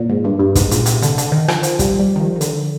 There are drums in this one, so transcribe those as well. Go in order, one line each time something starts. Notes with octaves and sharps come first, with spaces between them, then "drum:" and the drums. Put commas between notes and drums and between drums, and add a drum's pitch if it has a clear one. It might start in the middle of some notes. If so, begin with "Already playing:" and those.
Already playing: A#2
G#2
G2
G2
G#2, drum: kick, hi-hat
A#2, drum: hi-hat
C3, drum: hi-hat
D3, drum: hi-hat
D3, drum: hi-hat
D#3
F3, drum: rim click
F3, drum: hi-hat
G3, drum: kick, hi-hat
G3
D#3
F3
D#3
D3, drum: hi-hat